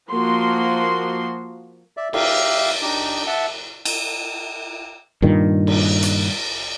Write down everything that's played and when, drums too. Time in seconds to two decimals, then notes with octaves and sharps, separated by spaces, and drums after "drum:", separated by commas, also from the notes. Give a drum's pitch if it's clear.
0.10 F3 A#3 F#4 C6
1.97 D5 E5
2.13 G4 E5 F5, drum: cymbal
2.82 D4 D#4 G4
3.27 E5 F#5 A5
3.85 drum: cymbal
5.22 G2 A#2 D#3
5.67 drum: cymbal
6.02 drum: hi-hat